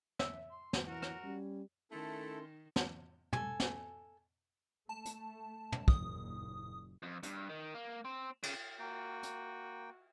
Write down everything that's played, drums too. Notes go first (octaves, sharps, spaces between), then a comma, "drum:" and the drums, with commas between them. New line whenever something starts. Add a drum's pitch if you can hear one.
E5, drum: snare
C6
drum: snare
E3 F#4 A#4
drum: rim click
G3 C#4
D#3 A3 C#4 E4 A4 A#4 C6
drum: snare
A4 G#5, drum: tom
drum: snare
A3 A5
drum: hi-hat
drum: tom
F#1 D#2 A#2 D#6, drum: kick
F2
G2, drum: hi-hat
D#3
A#3
C4
C#3, drum: cymbal
A#3 F#4 G5
drum: hi-hat